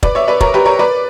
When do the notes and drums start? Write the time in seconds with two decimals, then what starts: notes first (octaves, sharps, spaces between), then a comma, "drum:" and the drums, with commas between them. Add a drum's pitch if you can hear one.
0.03 B4 D5, drum: kick
0.15 C#5 E5
0.28 B4 D5
0.41 A#4 C#5, drum: kick
0.54 G4 B4
0.65 A#4 C#5
0.79 B4 D5